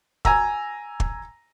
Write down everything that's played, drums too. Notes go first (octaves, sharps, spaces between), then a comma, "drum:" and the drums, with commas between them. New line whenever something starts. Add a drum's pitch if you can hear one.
G#5 A#5 E6, drum: kick
drum: kick